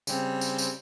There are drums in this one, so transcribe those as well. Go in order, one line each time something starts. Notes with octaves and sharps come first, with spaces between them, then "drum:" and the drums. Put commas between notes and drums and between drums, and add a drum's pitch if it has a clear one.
C#3 G3 C4, drum: tambourine
drum: tambourine
drum: tambourine